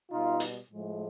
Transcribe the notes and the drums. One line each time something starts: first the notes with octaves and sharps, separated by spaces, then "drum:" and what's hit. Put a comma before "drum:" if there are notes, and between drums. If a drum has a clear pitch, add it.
B2 G3 D#4 F4
drum: hi-hat
A2 F3 G#3